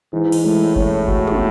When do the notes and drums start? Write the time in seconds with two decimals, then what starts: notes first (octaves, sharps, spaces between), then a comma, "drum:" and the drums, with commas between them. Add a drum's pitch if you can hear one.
0.13 G#2 E3
0.32 drum: cymbal
0.44 A2 G#3
0.76 A2 C#4, drum: kick G1
1.08 F#4, drum: kick G1
1.27 drum: tom